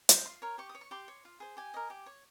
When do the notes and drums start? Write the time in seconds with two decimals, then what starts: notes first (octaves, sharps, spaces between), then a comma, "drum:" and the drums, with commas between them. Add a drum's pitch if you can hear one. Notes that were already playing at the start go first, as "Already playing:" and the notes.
0.09 C5 D#5, drum: hi-hat
0.25 F4 C6
0.42 A#4 C#5
0.58 G4 C#6
0.69 D#6
0.75 C#5
0.81 C#6
0.91 G4 C6
1.08 C#5
1.25 F4
1.40 G#4 C5
1.57 G4 G#5
1.74 A#4 D#5
1.90 G4
2.06 C#5